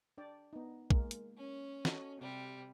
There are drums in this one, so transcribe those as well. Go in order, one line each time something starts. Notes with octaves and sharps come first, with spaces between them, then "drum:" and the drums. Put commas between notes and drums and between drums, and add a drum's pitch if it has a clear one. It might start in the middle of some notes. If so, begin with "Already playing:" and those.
D4 D5 G5
B3 D#4
G#3 A#3 A#4, drum: kick
drum: hi-hat
C#4
F#4 A4 D#5, drum: snare
C3 G3